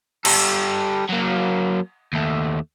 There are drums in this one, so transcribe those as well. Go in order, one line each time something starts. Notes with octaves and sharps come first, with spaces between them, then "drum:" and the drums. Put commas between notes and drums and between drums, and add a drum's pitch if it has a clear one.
G3 A4, drum: cymbal
F#3 A#3
D#2 A3